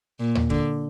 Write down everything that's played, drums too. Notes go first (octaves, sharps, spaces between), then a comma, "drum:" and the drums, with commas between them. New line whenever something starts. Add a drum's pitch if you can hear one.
A#2
drum: tom D#2
D3, drum: kick